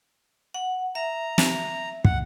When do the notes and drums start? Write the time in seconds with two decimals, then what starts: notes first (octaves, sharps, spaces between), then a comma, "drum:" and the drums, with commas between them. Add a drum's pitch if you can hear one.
0.54 F#5
0.95 E5 A#5
1.38 drum: snare
2.05 F#5, drum: kick